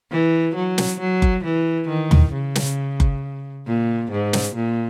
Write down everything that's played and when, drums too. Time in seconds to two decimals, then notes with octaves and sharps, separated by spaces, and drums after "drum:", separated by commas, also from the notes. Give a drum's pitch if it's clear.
0.11 E3
0.55 F#3
0.78 drum: snare
1.00 F#3
1.22 drum: kick F#1
1.44 E3
1.89 D#3
2.11 drum: tom
2.33 C#3
2.55 drum: snare
3.00 drum: kick F#1
3.67 A#2
4.11 G#2
4.33 drum: snare
4.55 A#2